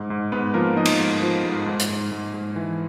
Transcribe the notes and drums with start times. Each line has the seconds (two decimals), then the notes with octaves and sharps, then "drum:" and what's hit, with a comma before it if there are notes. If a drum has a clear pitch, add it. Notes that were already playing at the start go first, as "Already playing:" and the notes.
Already playing: G#2
0.10 G#2
0.32 G#2 B3 B4
0.54 F3 A#3 A#4
0.76 F3 D#4 D#5
0.86 drum: cymbal
1.00 G#2
1.22 F3
1.44 G#2
1.66 G#2
1.80 drum: hi-hat
1.89 G#2
2.12 G#2
2.34 G#2
2.56 E3